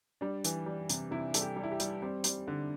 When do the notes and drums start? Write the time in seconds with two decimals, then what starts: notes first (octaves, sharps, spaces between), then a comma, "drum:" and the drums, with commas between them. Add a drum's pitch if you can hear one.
0.21 G3 D4
0.45 E3, drum: hi-hat
0.66 G3
0.89 C3, drum: hi-hat
1.11 C3 E4
1.34 G3 A4, drum: hi-hat
1.42 G4
1.56 G3
1.63 E4
1.72 G4
1.80 G3, drum: hi-hat
2.02 G3 C4
2.24 G3, drum: hi-hat
2.48 D3